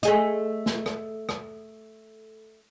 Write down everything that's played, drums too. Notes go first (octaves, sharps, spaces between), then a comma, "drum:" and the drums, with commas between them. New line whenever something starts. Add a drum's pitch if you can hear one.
A3 G#4 D#5, drum: hi-hat
drum: snare
drum: rim click
drum: rim click